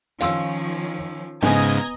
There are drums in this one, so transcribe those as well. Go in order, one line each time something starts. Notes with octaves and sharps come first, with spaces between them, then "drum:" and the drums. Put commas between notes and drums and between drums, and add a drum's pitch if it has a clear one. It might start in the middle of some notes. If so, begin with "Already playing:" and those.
D#3 F3 C#4 F5 C6 E6, drum: hi-hat
G#2 C#3 B3 D#5 G#5 A#5 G#6, drum: snare